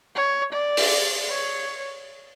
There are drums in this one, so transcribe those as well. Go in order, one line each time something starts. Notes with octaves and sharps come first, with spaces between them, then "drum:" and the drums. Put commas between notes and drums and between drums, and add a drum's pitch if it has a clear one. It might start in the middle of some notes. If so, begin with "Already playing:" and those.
C#5
D5
drum: open hi-hat
C#5